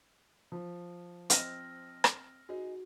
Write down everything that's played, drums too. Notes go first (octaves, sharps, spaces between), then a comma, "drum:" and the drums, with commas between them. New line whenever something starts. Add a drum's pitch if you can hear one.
F3
C4 D#5 E6 F6 A#6, drum: hi-hat
drum: rim click
D#4 F#4 G#4